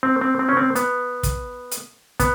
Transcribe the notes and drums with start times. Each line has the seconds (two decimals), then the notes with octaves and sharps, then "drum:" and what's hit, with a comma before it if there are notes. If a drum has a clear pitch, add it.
0.03 C4
0.21 C4
0.39 C4
0.49 C#4
0.57 C4
0.75 B3, drum: hi-hat
1.23 drum: kick, hi-hat
1.71 drum: hi-hat
2.20 B3, drum: kick, hi-hat